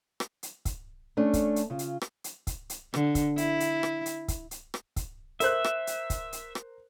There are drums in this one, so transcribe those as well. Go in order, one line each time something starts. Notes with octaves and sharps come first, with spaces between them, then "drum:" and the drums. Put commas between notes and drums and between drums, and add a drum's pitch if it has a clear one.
drum: rim click
drum: hi-hat
drum: kick, hi-hat
A3 C#4 D4
drum: kick, hi-hat
drum: hi-hat
C#3 F4
drum: hi-hat
drum: rim click
drum: hi-hat
drum: kick, hi-hat
drum: hi-hat
D3, drum: rim click
drum: kick, hi-hat
E4, drum: hi-hat
drum: hi-hat
drum: rim click
drum: hi-hat
drum: kick, hi-hat
drum: hi-hat
drum: rim click
drum: kick, hi-hat
A#4 C5 E5 F#6, drum: hi-hat
drum: rim click
drum: hi-hat
drum: kick, hi-hat
drum: hi-hat
drum: rim click